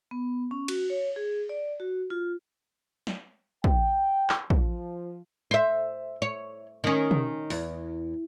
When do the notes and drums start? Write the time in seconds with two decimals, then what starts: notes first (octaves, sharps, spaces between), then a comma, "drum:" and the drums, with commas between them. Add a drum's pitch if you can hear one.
0.11 B3
0.51 C#4
0.68 F#4, drum: cymbal
0.90 C#5
1.16 G#4
1.49 D5
1.80 F#4
2.10 F4
3.07 drum: snare
3.64 G5, drum: kick
4.29 drum: clap
4.50 F3, drum: kick
5.51 C5 E5
6.22 C#5
6.84 D#3 C#4
7.11 drum: tom
7.50 E2, drum: open hi-hat